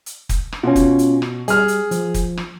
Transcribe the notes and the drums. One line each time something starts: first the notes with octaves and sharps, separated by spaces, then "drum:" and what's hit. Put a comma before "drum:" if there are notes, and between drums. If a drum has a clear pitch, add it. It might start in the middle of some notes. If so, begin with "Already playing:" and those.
drum: hi-hat
drum: kick, hi-hat
drum: rim click
B2 C#4 F4
drum: kick, hi-hat
drum: hi-hat
drum: rim click
G3 G#4 F6, drum: hi-hat
drum: hi-hat
F3, drum: hi-hat
drum: kick, hi-hat
drum: rim click